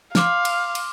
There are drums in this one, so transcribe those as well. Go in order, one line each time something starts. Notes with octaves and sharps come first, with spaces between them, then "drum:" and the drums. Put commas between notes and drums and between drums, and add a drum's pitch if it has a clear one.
F5 C6 D6 F6, drum: snare
drum: cymbal
drum: cymbal